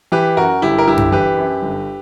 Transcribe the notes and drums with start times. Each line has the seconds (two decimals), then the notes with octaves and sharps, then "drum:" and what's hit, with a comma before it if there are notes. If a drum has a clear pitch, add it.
0.12 E3 G4 B4
0.37 F#2 F#4 A#4
0.62 G1 E4 G4
0.79 A#4
0.87 G1 E4 G4
0.97 drum: tom F#2
1.12 E3 G4 B4
1.37 F#2
1.62 G1